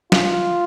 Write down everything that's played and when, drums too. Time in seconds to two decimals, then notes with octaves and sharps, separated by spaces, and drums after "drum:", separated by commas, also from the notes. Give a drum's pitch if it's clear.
0.12 F4, drum: snare